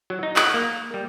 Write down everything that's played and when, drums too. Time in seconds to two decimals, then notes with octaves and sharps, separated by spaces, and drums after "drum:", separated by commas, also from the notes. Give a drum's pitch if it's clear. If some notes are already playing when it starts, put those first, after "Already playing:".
0.10 F#3
0.23 D#4
0.36 F#5, drum: clap
0.54 A#3
0.94 G3